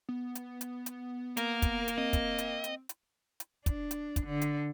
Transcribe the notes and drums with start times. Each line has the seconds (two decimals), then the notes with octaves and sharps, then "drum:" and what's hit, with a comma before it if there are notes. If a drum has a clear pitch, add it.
0.09 B3
0.35 drum: hi-hat
0.61 drum: hi-hat
0.86 drum: hi-hat
1.37 A#3 A#4, drum: hi-hat
1.62 drum: kick, hi-hat
1.88 drum: hi-hat
1.98 C4 D#5
2.13 drum: kick, hi-hat
2.38 drum: hi-hat
2.64 drum: hi-hat
2.89 drum: hi-hat
3.40 drum: hi-hat
3.66 D4, drum: kick, hi-hat
3.91 drum: hi-hat
4.16 drum: kick, hi-hat
4.26 D3
4.41 drum: hi-hat